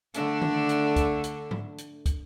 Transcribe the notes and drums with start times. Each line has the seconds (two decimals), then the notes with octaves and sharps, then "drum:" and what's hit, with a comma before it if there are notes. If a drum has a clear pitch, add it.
0.14 D3 A3 D4, drum: hi-hat
0.42 drum: tom D#3
0.69 drum: hi-hat
0.96 drum: kick, hi-hat
1.24 drum: hi-hat
1.51 drum: tom G#2
1.78 drum: hi-hat
2.06 drum: kick, hi-hat